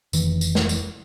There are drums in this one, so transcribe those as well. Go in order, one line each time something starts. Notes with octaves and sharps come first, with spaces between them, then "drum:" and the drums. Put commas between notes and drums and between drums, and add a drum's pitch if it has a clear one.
F1 D#3 E3, drum: tambourine
drum: tambourine
drum: snare
drum: tambourine